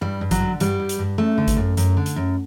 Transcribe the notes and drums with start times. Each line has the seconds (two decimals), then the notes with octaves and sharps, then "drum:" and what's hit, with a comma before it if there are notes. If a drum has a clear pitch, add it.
0.01 G2 G3
0.21 G2
0.31 F#3, drum: kick G#1, hi-hat
0.40 D3
0.60 G2 G3, drum: hi-hat
0.80 G2
0.89 drum: hi-hat
0.99 G2
1.18 F#2 A3
1.38 D3
1.48 drum: kick G#1, hi-hat
1.57 F#2
1.77 F#2, drum: hi-hat
1.97 D3
2.06 drum: hi-hat
2.16 F#2